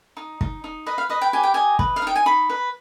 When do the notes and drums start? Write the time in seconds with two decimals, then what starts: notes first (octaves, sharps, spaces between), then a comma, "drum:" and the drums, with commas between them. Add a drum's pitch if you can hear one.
0.17 D#4
0.41 D#4, drum: kick
0.64 D#4
0.86 B4 D#5
0.98 F5
1.10 B4 D#5
1.21 G5
1.33 G4 G#5
1.43 G5
1.54 D#5 G#5
1.79 B4, drum: kick
1.96 F5
2.02 D#4 G5
2.16 G#5
2.26 D#4 B5
2.50 B4